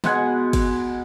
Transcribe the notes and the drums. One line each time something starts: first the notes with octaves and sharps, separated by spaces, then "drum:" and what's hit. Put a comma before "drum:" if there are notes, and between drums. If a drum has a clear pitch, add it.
B2 G#3 F#5 G#5, drum: snare
drum: kick, cymbal